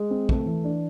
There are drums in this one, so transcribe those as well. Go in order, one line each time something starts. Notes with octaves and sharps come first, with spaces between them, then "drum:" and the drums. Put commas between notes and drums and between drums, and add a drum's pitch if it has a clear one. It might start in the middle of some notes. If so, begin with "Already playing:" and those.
Already playing: G#3
C4
A3, drum: kick
E3
D4